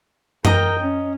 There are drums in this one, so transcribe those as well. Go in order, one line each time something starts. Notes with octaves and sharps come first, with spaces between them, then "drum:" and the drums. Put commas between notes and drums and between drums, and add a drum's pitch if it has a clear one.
A#4 D#5 G5 A#5, drum: tom F#2
C#4